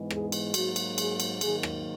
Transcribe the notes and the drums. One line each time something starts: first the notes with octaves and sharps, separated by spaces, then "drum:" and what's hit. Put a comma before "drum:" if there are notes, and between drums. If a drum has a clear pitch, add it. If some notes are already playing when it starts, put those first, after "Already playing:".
Already playing: G#2 E3 G#3 B3
G#4, drum: rim click
drum: cymbal
G#2 F#3 A#3 F#4, drum: cymbal
drum: cymbal
G#4, drum: cymbal
drum: cymbal
G#2 D#3 F#3 A#3 G#4, drum: cymbal
drum: rim click